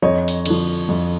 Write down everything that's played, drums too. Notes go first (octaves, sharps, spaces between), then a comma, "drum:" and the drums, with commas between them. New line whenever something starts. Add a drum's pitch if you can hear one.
F2 C#5 D#5
drum: open hi-hat
D3 F3, drum: cymbal
F2